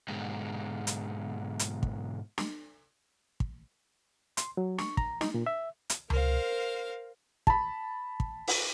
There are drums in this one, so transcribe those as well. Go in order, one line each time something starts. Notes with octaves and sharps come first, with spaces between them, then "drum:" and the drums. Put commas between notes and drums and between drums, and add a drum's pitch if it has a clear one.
G#2 B2 D3 G#3 G4
drum: hi-hat
drum: hi-hat
drum: kick
drum: snare
drum: kick
C6, drum: hi-hat
F#3
C#6, drum: snare
A#5, drum: kick
D#4, drum: snare
A#2
E5
drum: hi-hat
A#4 C5 F5, drum: tom C#2
A5 B5, drum: kick
drum: kick
drum: open hi-hat